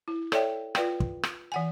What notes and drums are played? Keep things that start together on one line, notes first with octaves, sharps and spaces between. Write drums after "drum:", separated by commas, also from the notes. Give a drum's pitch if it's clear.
E4
A4 C#5 D5 E5 G5, drum: rim click
F4 B4 D5 F5 G5, drum: rim click
drum: kick
drum: rim click
E3 F#5 G#5